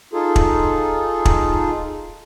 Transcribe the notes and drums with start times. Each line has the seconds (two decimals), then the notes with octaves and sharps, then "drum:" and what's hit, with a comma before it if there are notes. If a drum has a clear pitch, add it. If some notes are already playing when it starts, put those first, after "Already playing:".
0.13 D#4 F4 G#4 A4
0.36 drum: kick
1.25 drum: kick